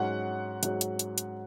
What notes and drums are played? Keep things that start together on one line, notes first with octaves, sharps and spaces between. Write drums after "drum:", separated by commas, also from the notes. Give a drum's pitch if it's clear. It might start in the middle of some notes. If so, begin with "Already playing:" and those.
Already playing: G#2 F#3 C#4 F#5
G#2 F#3 C#4, drum: hi-hat
drum: hi-hat
drum: hi-hat
drum: hi-hat